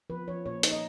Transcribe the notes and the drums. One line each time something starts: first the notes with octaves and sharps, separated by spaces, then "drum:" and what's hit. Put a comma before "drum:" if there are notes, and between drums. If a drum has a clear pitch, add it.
F3 B4
F3 C#5
A#2 C#5
D#4, drum: hi-hat
D#5